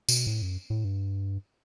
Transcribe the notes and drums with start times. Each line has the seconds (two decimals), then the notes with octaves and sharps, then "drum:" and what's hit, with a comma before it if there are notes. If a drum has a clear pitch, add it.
0.09 B2, drum: tambourine
0.27 A2
0.42 F#2
0.70 A2
0.84 G2